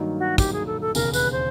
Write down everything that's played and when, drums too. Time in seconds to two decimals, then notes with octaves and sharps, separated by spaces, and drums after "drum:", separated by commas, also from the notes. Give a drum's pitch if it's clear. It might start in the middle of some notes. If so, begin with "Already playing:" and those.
Already playing: G2 D#3 F#3 A#3 D#4
0.19 F#4
0.38 G4, drum: kick, tambourine
0.53 G#4
0.67 A4
0.81 A4
0.95 E1 D#2 C#3 A#4, drum: tambourine
1.14 B4, drum: tambourine
1.32 C5